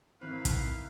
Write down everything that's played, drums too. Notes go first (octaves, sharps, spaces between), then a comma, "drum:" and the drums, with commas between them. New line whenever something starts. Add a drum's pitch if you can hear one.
G#1 D#3 C4 E4 B4 F5
drum: kick, hi-hat